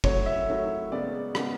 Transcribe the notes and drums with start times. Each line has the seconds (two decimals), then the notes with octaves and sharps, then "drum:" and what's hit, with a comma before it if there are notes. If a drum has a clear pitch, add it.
0.04 A2 F#3 A3 C#5, drum: kick
0.26 E5
0.48 A2 F#3 A3
0.92 C#3 G#3 B3 D5
1.35 C#3 G#3 B3, drum: rim click